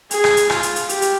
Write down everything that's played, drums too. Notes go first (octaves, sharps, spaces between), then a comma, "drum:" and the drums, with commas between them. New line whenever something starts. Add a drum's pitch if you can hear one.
G#4, drum: hi-hat
drum: rim click
drum: hi-hat
F4, drum: rim click
drum: hi-hat
drum: hi-hat
G4, drum: hi-hat
drum: hi-hat